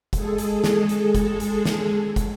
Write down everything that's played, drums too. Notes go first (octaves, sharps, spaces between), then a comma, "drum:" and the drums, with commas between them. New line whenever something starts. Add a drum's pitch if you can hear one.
G#3 G#4 A4, drum: kick, hi-hat
drum: hi-hat
drum: snare
drum: hi-hat
drum: kick, hi-hat
drum: hi-hat
drum: snare
drum: kick, hi-hat